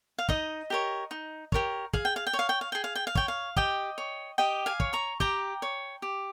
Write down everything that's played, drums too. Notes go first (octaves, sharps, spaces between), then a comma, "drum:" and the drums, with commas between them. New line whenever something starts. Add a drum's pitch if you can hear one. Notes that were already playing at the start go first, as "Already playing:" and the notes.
F5
D#4 D#5, drum: kick
G4 A#4 C#5
D#4
G4 A#4 C#5, drum: kick
G#4 F5, drum: kick
G5
F5
G5
C#5
F5
G5
F5
G#4 G5
F5
G5
F5
C#5 G5, drum: kick
F5
G4 D#5 G5, drum: kick
C#5
G4 D#5 G5
F5 G#5
C#5, drum: kick
A#5 C#6
G4 G5 A#5, drum: kick
C#5
G4